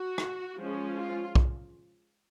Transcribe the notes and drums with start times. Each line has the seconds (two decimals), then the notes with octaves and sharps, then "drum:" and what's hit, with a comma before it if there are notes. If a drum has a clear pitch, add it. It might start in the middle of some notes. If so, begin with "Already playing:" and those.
Already playing: F#4
0.18 drum: rim click
0.57 F3 G#3 C#4
0.97 F4
1.35 drum: kick B1